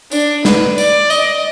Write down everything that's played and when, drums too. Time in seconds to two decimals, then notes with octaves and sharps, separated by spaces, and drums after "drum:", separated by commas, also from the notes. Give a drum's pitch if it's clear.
0.12 D4, drum: tambourine
0.45 B4, drum: snare
0.78 D5, drum: tambourine
1.10 D#5, drum: tambourine